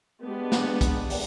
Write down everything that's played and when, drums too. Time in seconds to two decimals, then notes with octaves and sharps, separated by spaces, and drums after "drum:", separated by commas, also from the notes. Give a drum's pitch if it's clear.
0.23 G#3 B3 D4 G4
0.52 drum: snare
0.81 drum: kick, hi-hat
1.10 drum: open hi-hat